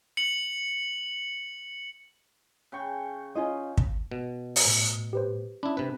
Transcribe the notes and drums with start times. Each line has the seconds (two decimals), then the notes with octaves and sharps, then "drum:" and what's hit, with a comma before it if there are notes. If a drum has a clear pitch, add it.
0.17 C#7 F#7
2.72 C#3 G5 C#6
3.35 C#4 F4 D#5
3.78 drum: kick
4.11 B2
4.56 drum: open hi-hat
4.65 A2
5.13 G4 B4 C5
5.63 C#4 D4 E4 B5 D#6
5.77 C3 C4 D4 B4